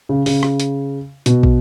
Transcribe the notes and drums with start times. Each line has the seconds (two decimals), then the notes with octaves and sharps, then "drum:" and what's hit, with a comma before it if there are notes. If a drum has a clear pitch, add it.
0.09 C#3
0.26 C#3, drum: open hi-hat
0.43 drum: rim click
0.60 drum: hi-hat
1.26 B2, drum: hi-hat
1.43 drum: kick